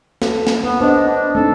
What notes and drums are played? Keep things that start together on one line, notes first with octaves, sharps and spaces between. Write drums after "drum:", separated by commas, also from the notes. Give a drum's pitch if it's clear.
A4, drum: snare
drum: snare
B3 B4
D4 C5 D#5
D4
A3 C4 D#4 A4